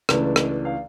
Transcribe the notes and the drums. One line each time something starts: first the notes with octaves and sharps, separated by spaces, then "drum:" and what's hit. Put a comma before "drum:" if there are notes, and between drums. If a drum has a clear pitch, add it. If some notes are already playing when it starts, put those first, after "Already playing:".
C#2 C#3 E3 A3 D4 D5, drum: rim click
drum: rim click
F5